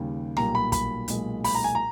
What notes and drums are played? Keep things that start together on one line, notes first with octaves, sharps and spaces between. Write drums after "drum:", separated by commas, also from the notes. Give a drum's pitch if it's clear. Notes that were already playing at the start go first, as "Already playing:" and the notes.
Already playing: D#2 C#3 G3
B1 A#2 G3 A#5, drum: rim click
B5
B5, drum: kick, hi-hat
B1 A#2 G#3, drum: hi-hat
B5, drum: open hi-hat
A#5
G#5
A#5